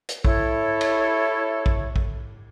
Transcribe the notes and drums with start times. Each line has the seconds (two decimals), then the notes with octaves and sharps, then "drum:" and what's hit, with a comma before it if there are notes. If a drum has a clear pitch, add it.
0.09 drum: hi-hat
0.25 E4 A4 C#5, drum: kick A#1
0.81 drum: cymbal
1.66 drum: kick A#1
1.96 drum: kick A#1